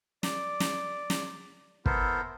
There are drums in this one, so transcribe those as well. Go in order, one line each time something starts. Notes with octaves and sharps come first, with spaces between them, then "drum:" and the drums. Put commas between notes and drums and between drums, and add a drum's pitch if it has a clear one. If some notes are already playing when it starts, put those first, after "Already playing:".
D5, drum: snare
drum: snare
drum: snare
B3 E4 A4 A#4 C5, drum: kick